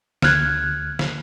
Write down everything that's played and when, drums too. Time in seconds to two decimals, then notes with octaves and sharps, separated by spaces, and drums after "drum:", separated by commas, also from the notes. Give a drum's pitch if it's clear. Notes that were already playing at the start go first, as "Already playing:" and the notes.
0.22 D2 F6 F#6 G#6, drum: snare
0.99 drum: snare